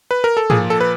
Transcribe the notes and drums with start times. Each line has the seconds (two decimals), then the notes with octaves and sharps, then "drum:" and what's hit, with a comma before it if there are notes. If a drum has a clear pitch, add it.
0.11 B4
0.24 A#4
0.37 A4
0.50 A#2 F3 G#4, drum: tom G#2
0.70 A4
0.80 B4